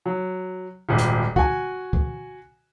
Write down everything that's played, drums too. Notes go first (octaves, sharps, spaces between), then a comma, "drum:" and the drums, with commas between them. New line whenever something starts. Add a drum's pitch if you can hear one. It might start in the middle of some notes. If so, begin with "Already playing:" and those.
F#3
D#1 G#1
drum: hi-hat
F#4 G#5, drum: kick
drum: kick